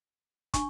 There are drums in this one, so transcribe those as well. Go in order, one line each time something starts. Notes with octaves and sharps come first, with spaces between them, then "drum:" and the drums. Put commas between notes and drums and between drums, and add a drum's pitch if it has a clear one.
D4 C#6, drum: kick, hi-hat